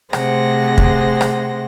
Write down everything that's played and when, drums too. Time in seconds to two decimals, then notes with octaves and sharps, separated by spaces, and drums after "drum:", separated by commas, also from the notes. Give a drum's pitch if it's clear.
0.13 C3 A3 G#4 C5 F#5 A#6, drum: rim click
0.78 drum: kick
1.21 drum: rim click